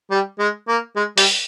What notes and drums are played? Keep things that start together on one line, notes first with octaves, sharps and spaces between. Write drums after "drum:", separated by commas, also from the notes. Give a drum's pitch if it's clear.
G3
G#3
A#3
G#3
G3, drum: open hi-hat